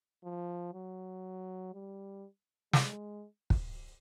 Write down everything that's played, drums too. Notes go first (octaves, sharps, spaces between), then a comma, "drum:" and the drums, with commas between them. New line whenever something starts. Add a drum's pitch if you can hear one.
F3
F#3
G3
G#3, drum: snare
drum: kick